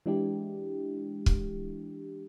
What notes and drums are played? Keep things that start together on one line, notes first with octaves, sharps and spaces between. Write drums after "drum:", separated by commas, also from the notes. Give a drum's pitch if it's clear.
E3 G#3 D4 E4 G4
drum: kick